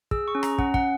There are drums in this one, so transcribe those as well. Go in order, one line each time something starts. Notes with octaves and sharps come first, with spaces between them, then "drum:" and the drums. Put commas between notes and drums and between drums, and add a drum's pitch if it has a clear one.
G#4 E6, drum: kick
C#6
C#4
A#5, drum: rim click
C#4 F#5, drum: kick
F#5, drum: kick